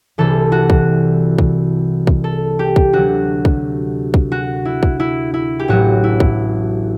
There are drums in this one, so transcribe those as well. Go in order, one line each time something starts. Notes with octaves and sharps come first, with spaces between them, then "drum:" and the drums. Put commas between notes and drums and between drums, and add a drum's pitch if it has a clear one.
C2 C3 E3 A4
F#4
drum: kick
drum: kick
drum: kick
A4
G4
drum: kick
D2 C3 F#3 F#4
drum: kick
drum: kick
F#4
E4
drum: kick
E4
E4
G4
A1 A2 F#3 F#4
E4
drum: kick